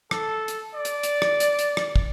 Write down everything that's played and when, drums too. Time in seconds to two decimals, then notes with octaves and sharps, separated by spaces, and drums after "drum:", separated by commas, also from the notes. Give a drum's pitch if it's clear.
0.11 A4, drum: rim click
0.48 drum: hi-hat
0.74 D5
0.85 drum: hi-hat
1.03 drum: hi-hat
1.22 drum: rim click
1.40 drum: hi-hat
1.59 drum: hi-hat
1.77 drum: rim click
1.96 drum: kick